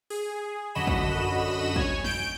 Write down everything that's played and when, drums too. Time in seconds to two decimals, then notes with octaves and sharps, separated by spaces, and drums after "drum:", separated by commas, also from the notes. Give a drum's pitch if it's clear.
0.10 G#4, drum: open hi-hat
0.75 F#2 D3 F#4 D#5 B5 E7
0.87 drum: kick
1.76 C#5 G#5, drum: kick
2.04 G6 D7, drum: snare